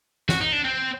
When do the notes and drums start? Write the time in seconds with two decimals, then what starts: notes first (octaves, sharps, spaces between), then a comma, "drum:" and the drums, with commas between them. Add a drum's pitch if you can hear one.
0.29 F#4, drum: snare
0.41 D#4
0.53 D4
0.65 C4